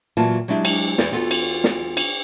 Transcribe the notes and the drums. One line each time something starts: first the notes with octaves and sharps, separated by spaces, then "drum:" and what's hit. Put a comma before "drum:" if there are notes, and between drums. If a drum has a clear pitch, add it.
A#2 E3 F#3 A#3 F4 A5
F#3 G#3 D4 E4 G4
drum: cymbal
E2, drum: snare
E2 B3 F4 F#4 A4
drum: cymbal
drum: snare
drum: cymbal